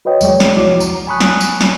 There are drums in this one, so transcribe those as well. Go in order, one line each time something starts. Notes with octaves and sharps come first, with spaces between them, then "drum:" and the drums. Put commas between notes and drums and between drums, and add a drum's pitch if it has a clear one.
F#4 B4 C#5 D#5 G5
E2 F#3 G#3 C#5 D5 G5, drum: tambourine
drum: snare
C2 F3 E4 F#4 C#5 D6
A#5, drum: tambourine
G#5 A5 B5 C#6 D#6 F#6
drum: snare
drum: tambourine
drum: snare